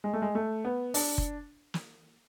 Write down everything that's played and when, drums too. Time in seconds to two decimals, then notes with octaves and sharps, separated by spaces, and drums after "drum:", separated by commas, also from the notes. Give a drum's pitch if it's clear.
0.04 G#3
0.13 A3
0.22 G#3
0.35 A3
0.65 B3
0.94 D4, drum: open hi-hat
1.18 drum: kick F#1
1.74 drum: snare